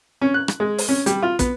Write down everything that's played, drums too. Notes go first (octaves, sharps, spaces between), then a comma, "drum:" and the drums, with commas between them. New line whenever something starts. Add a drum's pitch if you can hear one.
C#4
F#6
drum: rim click
G#3
drum: open hi-hat
C#4
G3, drum: hi-hat
F4
B3, drum: kick, hi-hat